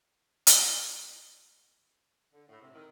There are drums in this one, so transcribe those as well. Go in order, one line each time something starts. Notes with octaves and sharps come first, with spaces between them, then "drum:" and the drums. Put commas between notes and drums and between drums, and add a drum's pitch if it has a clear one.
drum: hi-hat
D3
A2
C3
D#3